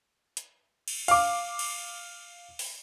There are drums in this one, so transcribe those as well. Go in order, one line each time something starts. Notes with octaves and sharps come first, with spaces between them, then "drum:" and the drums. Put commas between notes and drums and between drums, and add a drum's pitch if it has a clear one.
drum: hi-hat
drum: cymbal
F5 D6, drum: cymbal
drum: cymbal
drum: open hi-hat